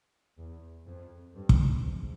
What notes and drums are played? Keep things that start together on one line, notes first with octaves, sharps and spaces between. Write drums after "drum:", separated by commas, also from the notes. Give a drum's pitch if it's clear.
E2
F2
G2
drum: kick
G#2